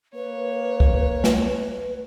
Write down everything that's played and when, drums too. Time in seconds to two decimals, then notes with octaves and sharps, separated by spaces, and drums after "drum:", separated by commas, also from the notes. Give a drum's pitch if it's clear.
0.15 A#3 B4 C#5
0.80 drum: kick
1.24 drum: snare